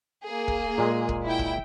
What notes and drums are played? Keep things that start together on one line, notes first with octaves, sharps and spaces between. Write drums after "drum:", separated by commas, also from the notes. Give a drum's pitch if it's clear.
A#3 G#4
drum: kick
A#2 G#3
drum: kick
E4 G5
drum: kick